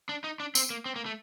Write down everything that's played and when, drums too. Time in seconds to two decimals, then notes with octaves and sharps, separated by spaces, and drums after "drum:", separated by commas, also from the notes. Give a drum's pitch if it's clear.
0.09 D4
0.24 D#4
0.40 D4
0.55 C4, drum: tambourine
0.70 A#3
0.86 C4
0.96 A#3
1.06 A3